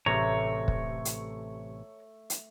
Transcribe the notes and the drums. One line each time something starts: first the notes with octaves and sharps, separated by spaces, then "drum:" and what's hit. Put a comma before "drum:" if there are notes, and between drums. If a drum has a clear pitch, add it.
A1 C3 A3 C#5 A#5
drum: kick
drum: hi-hat
drum: hi-hat